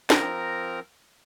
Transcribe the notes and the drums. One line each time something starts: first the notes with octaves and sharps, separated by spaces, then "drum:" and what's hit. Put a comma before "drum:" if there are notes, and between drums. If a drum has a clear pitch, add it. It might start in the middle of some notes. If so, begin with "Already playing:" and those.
F3 C4 A#4 A#5, drum: snare